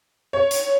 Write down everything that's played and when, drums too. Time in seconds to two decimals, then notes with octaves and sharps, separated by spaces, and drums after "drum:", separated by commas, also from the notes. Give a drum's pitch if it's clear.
0.33 C#5
0.51 drum: hi-hat